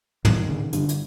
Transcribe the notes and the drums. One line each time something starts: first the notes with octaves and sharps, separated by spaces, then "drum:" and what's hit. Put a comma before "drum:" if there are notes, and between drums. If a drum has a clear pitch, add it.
E2 D#3, drum: tom
C#3
G2 D3, drum: hi-hat
drum: hi-hat